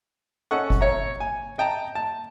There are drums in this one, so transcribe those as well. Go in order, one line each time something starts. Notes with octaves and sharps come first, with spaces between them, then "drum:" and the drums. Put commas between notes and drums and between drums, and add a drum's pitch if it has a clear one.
C#4 A4 D#5 F#5 C#6
drum: kick G1
C#5 E5 A#5
G#5
D#5 G5 A5 A#5
A5